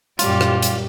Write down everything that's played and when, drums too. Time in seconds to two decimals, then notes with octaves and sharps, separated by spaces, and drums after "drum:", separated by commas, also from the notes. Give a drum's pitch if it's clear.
0.19 F#2 A#2 G3 F4 G4, drum: hi-hat
0.41 drum: rim click
0.62 drum: hi-hat